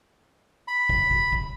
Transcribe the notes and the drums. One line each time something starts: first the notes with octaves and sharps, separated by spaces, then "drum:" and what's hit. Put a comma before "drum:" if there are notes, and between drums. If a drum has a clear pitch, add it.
B5
drum: kick
drum: kick
drum: kick